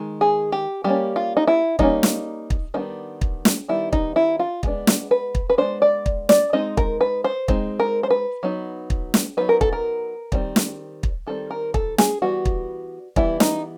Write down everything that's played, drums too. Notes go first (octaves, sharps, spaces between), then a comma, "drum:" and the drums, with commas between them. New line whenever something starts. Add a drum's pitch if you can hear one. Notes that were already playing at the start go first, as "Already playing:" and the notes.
Already playing: D#3 G#3
G#4
G4
G3 A#3 C#4 G4
F4
D#4
E4
G3 A#3 C#4 D#4, drum: kick
drum: snare
drum: kick
D#3 G3 B3 D4 D#4
drum: kick
drum: snare
D#3 G3 B3 D4 E4
D#4, drum: kick
E4
F4
G#3 B3 D4, drum: kick
drum: snare
B4
drum: kick
B4
G#3 B3 D4 C5
D5
drum: kick
D5, drum: snare
G#3 C4 D#4 D#5
A#4, drum: kick
B4
C5
G#3 C4 D#4, drum: kick
A#4
C5
B4
F#3 B3 D#4
drum: kick
drum: snare
F#3 B3 D#4 B4
A#4
A4, drum: kick
A#4
D#3 G3 C4, drum: kick
drum: snare
drum: kick
D#3 G3 C4 A4
A#4
A4, drum: kick
G#4, drum: snare
E3 G3 B3 F#4
drum: kick
E3 G3 B3 E4, drum: kick
D#4, drum: snare